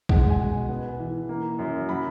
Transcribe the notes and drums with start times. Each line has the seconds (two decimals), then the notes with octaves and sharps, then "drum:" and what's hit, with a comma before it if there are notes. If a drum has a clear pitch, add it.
0.09 G#3 F#5, drum: kick A#1
0.30 G#5
0.39 B2
0.69 B3
0.99 E3
1.29 A#3
1.59 F#2
1.89 F#3 B5